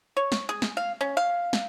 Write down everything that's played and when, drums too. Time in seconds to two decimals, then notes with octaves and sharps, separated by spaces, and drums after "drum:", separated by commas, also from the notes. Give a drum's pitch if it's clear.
0.17 C#5
0.32 drum: snare
0.49 G#4
0.62 drum: snare
0.77 F5
1.01 C#4
1.17 F5
1.53 drum: snare